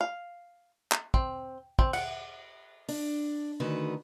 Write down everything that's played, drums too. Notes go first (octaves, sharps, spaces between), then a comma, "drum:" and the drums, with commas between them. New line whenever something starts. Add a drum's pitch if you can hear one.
F5
drum: clap
C4, drum: kick
C4, drum: kick
F#5, drum: cymbal
D4, drum: open hi-hat
D2 D3 D#3 F#4 B4